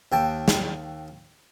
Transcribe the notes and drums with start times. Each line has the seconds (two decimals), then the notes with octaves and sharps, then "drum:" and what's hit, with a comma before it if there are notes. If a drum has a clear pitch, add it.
0.12 D#2 G5 A5
0.48 drum: snare